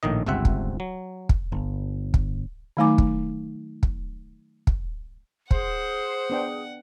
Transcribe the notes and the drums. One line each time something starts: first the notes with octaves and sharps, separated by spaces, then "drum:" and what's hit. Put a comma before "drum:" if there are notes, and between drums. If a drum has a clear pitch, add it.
A#1 A2 D#3 D#5
G1 C#2 C3 C4 E5 F#5
drum: kick
F#3
drum: kick
G1
drum: kick
D#3 F#3 A3 D#4 G#5 D6
drum: kick
drum: kick
drum: kick
G#4 C5 F#5, drum: kick
B3 D4 G5